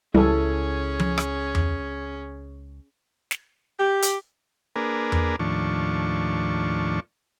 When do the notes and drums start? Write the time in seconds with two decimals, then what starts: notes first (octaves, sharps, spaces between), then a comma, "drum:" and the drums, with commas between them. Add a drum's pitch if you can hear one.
0.14 C#2 E3 G3 C#4 E4 G#4 A4
1.00 drum: tom F3
1.18 drum: rim click
1.55 drum: tom E2
3.31 drum: snare
3.80 G4
4.02 drum: hi-hat
4.76 A#3 D4 G#4 A#4 B4
5.12 drum: tom E2
5.39 D#2 A2 F3 D4 C#6